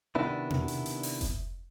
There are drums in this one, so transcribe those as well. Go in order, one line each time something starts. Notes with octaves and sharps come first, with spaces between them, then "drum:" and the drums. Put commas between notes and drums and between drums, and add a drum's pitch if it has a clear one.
C3 D#3 B3 D4 E4
drum: tom B2
drum: hi-hat
drum: hi-hat
drum: open hi-hat
drum: kick F1, hi-hat